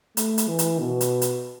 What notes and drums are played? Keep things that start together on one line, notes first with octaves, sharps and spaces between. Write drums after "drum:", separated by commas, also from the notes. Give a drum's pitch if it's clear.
A3, drum: hi-hat
drum: hi-hat
E3
drum: hi-hat
B2
drum: hi-hat
drum: hi-hat